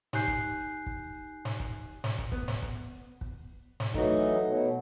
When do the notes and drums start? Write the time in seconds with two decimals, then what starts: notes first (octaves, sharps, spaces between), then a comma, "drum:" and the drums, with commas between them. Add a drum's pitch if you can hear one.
0.13 D#4 G4 G#5 F#6 G6 C7, drum: snare
0.28 drum: kick
0.86 drum: kick
1.45 drum: snare
1.60 drum: kick
2.04 drum: snare
2.18 drum: kick
2.32 B3, drum: kick
2.48 drum: snare
2.62 drum: kick
3.21 drum: kick
3.80 drum: snare
3.94 E3 F#3 A3 D#4 F#4, drum: kick
4.46 B2 F#3